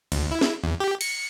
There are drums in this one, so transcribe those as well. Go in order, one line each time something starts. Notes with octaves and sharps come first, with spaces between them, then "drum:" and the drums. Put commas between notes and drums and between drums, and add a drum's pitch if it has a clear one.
D2, drum: cymbal
E4
drum: snare
E2
G4
C#7, drum: cymbal